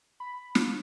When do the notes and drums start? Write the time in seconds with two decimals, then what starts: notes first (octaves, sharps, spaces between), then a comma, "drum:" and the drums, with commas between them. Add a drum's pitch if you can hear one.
0.20 B5
0.55 G#3 D4 E4, drum: snare